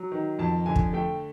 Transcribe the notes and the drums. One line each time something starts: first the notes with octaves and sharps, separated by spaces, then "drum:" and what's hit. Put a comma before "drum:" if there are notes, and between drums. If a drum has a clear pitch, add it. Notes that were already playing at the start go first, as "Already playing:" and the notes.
Already playing: F#3
D#3
F2 A5
D3 G#5
drum: kick
A3 G5